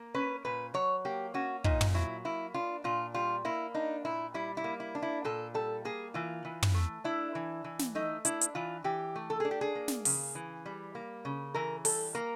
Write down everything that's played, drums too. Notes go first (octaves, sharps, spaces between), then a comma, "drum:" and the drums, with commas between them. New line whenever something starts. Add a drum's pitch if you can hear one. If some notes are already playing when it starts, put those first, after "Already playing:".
Already playing: A#3
C#4 B4
A#2 B4
F#3 C#5
A#3 G4
C#4 F#4
A#2 D#4, drum: kick
drum: tom
F#3 E4
A#3 E4
D4 F4
A#2 F4
G3 F4
A#3 E4
D4 D#4
A#2 E4
G3 E4
E4
A#3
E4
D4
E4
A#2 A4
G3 A4
A#3 G#4
E3 F4
E3
drum: tom
A3
D4 E4
E3
E3
drum: snare
A3 D#4
D4 E4, drum: hi-hat
drum: hi-hat
E3 F4
E3 G4
A3
A4
D4 G#4
G4
G#4
A#3
drum: snare
C#3, drum: open hi-hat
E3
G3
A#3
C#3
E3 A#4
G3 A4, drum: open hi-hat
A#3 A#4